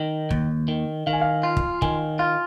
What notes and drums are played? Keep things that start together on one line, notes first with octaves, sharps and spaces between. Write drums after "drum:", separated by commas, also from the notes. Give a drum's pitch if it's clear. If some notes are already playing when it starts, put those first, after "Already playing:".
Already playing: D#3 D#4
D#2, drum: kick
D#3
D#3 F5
G#5
F5
F4
drum: kick
D#3 G#5, drum: kick
F4 F5